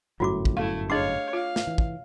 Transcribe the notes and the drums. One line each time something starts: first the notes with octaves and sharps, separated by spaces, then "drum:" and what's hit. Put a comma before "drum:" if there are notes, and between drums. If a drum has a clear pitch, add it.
G1 F#2 A2 F4 F#4 D6
drum: kick
A3 E4 F5
D4 G#4 C#5 D#5 F5 A5 D6
F4 F5
drum: snare
E3
drum: kick